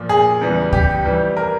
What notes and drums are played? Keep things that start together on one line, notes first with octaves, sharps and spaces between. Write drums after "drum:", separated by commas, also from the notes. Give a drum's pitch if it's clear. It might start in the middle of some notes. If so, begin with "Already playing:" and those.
Already playing: A#2 F3
G#4
E2 C#3 E3 G3
G4, drum: kick C#2
F2 E3 G3
A#4